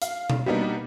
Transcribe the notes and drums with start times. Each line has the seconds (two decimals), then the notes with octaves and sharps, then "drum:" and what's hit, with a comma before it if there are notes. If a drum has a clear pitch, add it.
0.02 F5, drum: hi-hat
0.30 drum: tom B2
0.46 G3 A#3 B3 D4 D#4